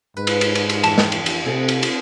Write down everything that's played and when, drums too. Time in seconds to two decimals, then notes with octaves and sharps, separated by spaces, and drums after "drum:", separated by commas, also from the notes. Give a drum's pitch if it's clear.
0.17 G#2 B4
0.27 drum: cymbal
0.41 drum: cymbal
0.55 drum: cymbal
0.69 drum: cymbal
0.84 F2 E3 A5, drum: cymbal
0.98 drum: snare
1.12 drum: cymbal
1.26 drum: cymbal
1.45 C3 C4 G#4 A4
1.68 drum: cymbal
1.83 drum: cymbal